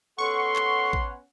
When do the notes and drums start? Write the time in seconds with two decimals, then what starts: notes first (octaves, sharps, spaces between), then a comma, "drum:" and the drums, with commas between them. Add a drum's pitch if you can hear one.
0.18 B3 C#4 A4 F#5 C6 C#6
0.56 drum: clap
0.93 drum: kick